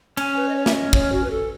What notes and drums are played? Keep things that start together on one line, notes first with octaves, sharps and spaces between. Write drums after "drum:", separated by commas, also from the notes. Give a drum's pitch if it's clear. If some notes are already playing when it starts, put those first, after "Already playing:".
C#4 G#5, drum: cymbal
B4
D#5
C#5
E5, drum: snare
D#5
C#5, drum: kick
F#4
B4
A4